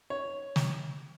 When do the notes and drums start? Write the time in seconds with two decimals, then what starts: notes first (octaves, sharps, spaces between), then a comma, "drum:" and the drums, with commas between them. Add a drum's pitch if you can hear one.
0.10 C#5
0.56 drum: snare